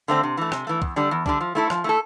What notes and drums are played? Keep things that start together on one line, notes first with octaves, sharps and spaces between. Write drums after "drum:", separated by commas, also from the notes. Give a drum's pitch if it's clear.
D3 A3 C4
C3
E3 A3
C3, drum: rim click
E3 A3
E2, drum: kick
D3 G3 D4
E2
D3 G3 D4, drum: kick
F3
A3 E4 A4
F3, drum: rim click
A3 E4 A4